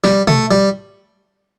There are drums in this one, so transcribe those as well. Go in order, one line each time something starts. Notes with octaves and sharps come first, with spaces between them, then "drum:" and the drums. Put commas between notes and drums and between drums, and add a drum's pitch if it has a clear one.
G3, drum: snare
A3, drum: tom
G3